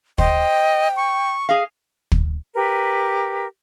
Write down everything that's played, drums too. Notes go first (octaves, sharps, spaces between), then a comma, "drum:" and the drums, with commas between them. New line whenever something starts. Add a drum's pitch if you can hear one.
C5 D#5 G5, drum: kick
C#6
G#4 D#5 F5
drum: kick
G4 A#4 B4